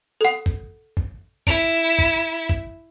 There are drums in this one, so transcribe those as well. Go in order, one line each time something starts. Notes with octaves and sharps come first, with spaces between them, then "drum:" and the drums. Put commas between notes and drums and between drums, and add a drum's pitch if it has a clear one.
A4 F#5
drum: kick
drum: kick
E4 D7 F7, drum: kick
drum: kick
drum: kick